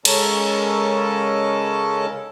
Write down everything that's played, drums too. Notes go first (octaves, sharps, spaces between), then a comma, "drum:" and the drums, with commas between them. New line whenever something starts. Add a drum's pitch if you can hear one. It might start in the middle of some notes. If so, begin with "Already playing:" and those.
C#3 G#3 C#4 A4 A#4 A5, drum: cymbal